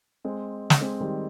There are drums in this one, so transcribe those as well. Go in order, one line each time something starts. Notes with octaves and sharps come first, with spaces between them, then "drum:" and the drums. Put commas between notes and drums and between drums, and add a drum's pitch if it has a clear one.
G#3 C4
drum: snare
G#3 C4
D#3 G3